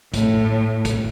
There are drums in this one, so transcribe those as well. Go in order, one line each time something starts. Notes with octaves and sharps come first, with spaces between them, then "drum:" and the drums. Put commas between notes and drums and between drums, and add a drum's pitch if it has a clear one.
A2, drum: kick, hi-hat
drum: kick, hi-hat